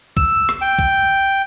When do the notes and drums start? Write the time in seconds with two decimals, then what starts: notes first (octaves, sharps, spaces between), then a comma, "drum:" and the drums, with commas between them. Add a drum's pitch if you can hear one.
0.17 E6, drum: kick
0.49 drum: rim click
0.61 G5
0.79 drum: kick